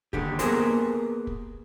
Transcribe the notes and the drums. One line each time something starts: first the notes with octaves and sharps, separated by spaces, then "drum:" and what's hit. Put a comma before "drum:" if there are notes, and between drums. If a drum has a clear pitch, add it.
D#2 D3 G4, drum: kick
A#3 B3 G4 G#4 A#4 C5, drum: hi-hat
drum: kick